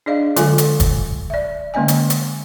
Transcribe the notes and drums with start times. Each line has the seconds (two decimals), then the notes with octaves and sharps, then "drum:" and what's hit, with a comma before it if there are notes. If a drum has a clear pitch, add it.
0.06 D4 G#4 D5 D#5 F5
0.36 D3 F#3 G#3 F4 A4 G#5, drum: hi-hat
0.58 drum: hi-hat
0.80 drum: kick, hi-hat
1.30 D5 E5
1.74 D3 G#3 A#3 C#4 D#5 G#5
1.88 drum: hi-hat
2.10 drum: hi-hat